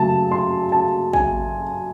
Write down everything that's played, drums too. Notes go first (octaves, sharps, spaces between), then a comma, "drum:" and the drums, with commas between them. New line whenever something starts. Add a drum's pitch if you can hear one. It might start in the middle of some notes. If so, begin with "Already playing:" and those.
Already playing: C#3 F#3 A3 A5
C6
A5
G#5, drum: kick